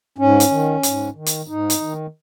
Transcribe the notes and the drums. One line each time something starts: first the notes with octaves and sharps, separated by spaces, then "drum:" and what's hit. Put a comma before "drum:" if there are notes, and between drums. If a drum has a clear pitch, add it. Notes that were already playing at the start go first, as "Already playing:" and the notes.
G#2 C#4
drum: hi-hat
D#3
G#2, drum: hi-hat
D#3
drum: hi-hat
G#2 D#4
drum: hi-hat
D#3